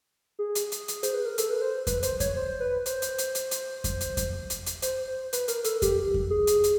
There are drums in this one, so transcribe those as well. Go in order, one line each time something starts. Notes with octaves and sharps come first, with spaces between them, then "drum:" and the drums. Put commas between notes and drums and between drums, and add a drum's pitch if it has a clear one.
G#4
drum: hi-hat
drum: hi-hat
drum: hi-hat
C5, drum: hi-hat
B4
A#4
A4, drum: hi-hat
B4
C5
B4, drum: kick F2, hi-hat
C5, drum: hi-hat
C#5, drum: kick F2, hi-hat
C5
B4
C5, drum: hi-hat
drum: hi-hat
drum: hi-hat
drum: hi-hat
drum: hi-hat
drum: kick F2, hi-hat
drum: hi-hat
drum: kick F2, hi-hat
drum: hi-hat
drum: hi-hat
C5, drum: hi-hat
C5
B4, drum: hi-hat
A#4, drum: hi-hat
A4, drum: hi-hat
G4, drum: kick F2, hi-hat
drum: kick F2
G#4
drum: hi-hat
drum: hi-hat